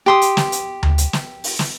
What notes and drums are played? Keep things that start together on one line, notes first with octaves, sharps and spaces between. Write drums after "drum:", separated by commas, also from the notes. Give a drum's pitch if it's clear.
G4 C6 D#6
drum: hi-hat
drum: snare
drum: hi-hat
drum: tom D2
drum: hi-hat
drum: snare
drum: open hi-hat
drum: snare